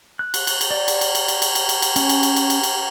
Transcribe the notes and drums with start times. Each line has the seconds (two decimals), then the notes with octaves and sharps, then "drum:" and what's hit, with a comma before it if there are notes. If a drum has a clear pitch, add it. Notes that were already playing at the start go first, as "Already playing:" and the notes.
0.19 F#6
0.34 drum: cymbal
0.47 drum: cymbal
0.61 drum: cymbal
0.71 D5
0.88 drum: cymbal
1.01 drum: cymbal
1.15 drum: cymbal
1.28 drum: cymbal
1.42 drum: cymbal
1.55 drum: cymbal
1.69 drum: cymbal
1.82 drum: cymbal
1.96 C#4, drum: cymbal
2.09 drum: cymbal
2.23 drum: cymbal
2.36 drum: cymbal
2.50 drum: cymbal
2.63 drum: cymbal